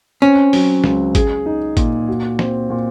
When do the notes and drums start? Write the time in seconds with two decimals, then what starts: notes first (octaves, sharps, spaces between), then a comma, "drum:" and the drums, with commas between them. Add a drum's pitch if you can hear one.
0.22 C4 C#4
0.53 F#3, drum: open hi-hat
0.84 C#2, drum: snare
1.15 G#4, drum: kick G#1, hi-hat
1.46 D#4
1.77 A#2, drum: kick G#1, hi-hat
2.08 F#4
2.39 C4, drum: snare
2.70 A#2